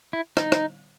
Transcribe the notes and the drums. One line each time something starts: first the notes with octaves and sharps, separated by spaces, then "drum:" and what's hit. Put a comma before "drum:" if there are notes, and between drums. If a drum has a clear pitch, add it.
E4
D#4, drum: rim click
drum: rim click